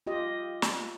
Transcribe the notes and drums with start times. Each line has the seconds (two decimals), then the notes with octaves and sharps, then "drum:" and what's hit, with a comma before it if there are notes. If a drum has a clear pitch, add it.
0.07 F4 G4 D#5
0.62 drum: snare